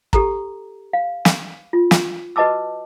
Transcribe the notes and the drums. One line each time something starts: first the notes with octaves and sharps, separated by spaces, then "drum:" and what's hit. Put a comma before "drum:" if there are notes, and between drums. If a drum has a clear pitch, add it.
G4 A4 A#5, drum: kick
F5
drum: snare
F4
drum: snare
F#4 B4 D#5 A5 D6 E6